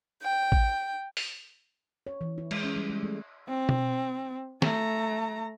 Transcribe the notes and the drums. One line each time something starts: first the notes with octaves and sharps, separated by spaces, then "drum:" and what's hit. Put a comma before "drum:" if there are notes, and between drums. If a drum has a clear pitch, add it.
G5
drum: kick A1
drum: open hi-hat
C#5
E3
E4
G#3, drum: cymbal
C#4
G3
G#3
A3
C4
drum: tom B2
A3 A#5, drum: snare